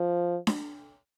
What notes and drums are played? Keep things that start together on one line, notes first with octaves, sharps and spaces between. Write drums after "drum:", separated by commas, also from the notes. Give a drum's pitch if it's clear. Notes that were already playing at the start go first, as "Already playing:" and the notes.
Already playing: F3
drum: snare D4